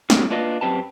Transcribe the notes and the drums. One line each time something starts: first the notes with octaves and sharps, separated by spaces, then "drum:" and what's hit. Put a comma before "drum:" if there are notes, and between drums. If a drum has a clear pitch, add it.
D3 F#3 G3 A#3 C4, drum: snare
A#3 D4 F4 B4 D#5 F5
F#2 A#2 C4 G4 B4 A5